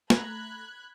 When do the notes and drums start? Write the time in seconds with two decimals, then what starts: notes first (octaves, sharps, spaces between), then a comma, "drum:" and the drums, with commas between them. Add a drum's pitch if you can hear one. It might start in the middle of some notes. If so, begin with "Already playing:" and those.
0.10 A3 A#5 B5 F#6 G#6, drum: snare